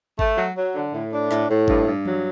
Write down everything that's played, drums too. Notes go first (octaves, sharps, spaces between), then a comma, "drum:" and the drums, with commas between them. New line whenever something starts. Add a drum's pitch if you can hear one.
A3, drum: kick G#1
F#3
F#3
D3
A2
D4
A2, drum: snare
A2
G2, drum: kick G#1
G2
F#3, drum: tom E3